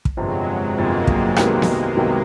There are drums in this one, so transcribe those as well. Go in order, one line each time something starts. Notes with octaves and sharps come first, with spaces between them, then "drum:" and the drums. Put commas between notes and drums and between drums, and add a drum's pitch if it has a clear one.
drum: kick
G1 F2 C3 F#3 G#3
G1 F2 C3 G#3 A#3
G#3 A#3, drum: kick
C2 C3 D#3 F#3 G#3 A#3 B3, drum: rim click
drum: snare B3
C2 C3 D#3 F#3 B3